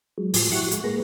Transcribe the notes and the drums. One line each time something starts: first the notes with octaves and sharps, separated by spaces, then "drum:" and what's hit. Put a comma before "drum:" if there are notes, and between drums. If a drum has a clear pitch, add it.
F#3 G#3
A2 F3, drum: open hi-hat
E4 F#4 G4 C#6 F#6
G#3, drum: hi-hat
G#3 A#3 G#4 B4 A#5